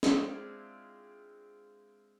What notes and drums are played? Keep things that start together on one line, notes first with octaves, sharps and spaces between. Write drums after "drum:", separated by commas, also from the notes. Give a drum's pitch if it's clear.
G#3 C4 D4 E4 F4, drum: snare